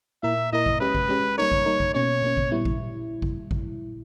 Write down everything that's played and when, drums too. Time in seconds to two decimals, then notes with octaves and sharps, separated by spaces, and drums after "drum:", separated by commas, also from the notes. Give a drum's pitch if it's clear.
0.23 A#2 A#3 E4 A#4 E5
0.53 A#2 A#3 E4 A#4 D#5
0.66 drum: kick G#1
0.80 G#3 C#4 G4 B4
0.95 drum: kick G#1
1.08 G#3 C#4 G4
1.38 G3 A#3 D#4 A#4 C#5
1.52 drum: kick G#1
1.66 G3 A#3 D#4 A#4
1.80 drum: kick G#1
1.94 B2 A#3 C#4 C#5
2.22 B2 A#3 C#4
2.37 drum: kick G#1
2.51 A#2 G3 B3 E4
2.65 drum: kick G#1
3.22 drum: kick G#1
3.51 drum: kick G#1